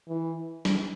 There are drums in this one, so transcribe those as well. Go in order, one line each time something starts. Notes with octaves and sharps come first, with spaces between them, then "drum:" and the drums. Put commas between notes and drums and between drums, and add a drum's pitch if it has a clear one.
E3
drum: snare